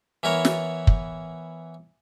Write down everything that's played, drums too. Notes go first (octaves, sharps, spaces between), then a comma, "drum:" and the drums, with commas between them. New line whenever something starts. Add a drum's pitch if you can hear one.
E3 B3 E4 A#4 C#5
drum: snare
drum: kick